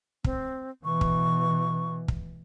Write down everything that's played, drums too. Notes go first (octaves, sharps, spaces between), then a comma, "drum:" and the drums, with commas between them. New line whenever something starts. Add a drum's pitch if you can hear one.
C4, drum: kick
B2 E3 C#6
drum: kick
drum: kick